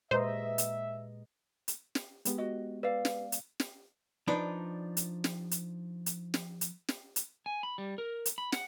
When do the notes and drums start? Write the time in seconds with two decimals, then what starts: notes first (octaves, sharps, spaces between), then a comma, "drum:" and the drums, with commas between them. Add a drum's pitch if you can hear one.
0.11 A#2 G#3 G4 B4 C5 D#5 E5 A#5
0.58 drum: hi-hat
1.68 drum: hi-hat
1.95 drum: snare
2.25 G#3 B3 G4, drum: hi-hat
2.38 F#4 D#5
2.83 B4 D5 F5
3.05 drum: snare
3.32 drum: hi-hat
3.60 drum: snare
4.28 F3 D4 D#4 B4 D5
4.97 drum: hi-hat
5.24 drum: snare
5.51 drum: hi-hat
6.06 drum: hi-hat
6.34 drum: snare
6.61 drum: hi-hat
6.88 drum: snare
7.16 drum: hi-hat
7.46 G#5
7.63 B5
7.78 G3
7.98 A#4
8.26 drum: hi-hat
8.38 B5
8.52 F#5, drum: snare